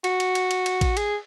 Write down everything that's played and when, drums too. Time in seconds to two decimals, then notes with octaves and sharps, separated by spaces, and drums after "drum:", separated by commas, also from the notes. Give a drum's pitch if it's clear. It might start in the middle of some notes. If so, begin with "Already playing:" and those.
0.04 F#4, drum: cymbal
0.20 drum: cymbal
0.35 drum: cymbal
0.51 drum: cymbal
0.66 drum: cymbal
0.81 drum: kick A1, cymbal
0.97 G#4, drum: cymbal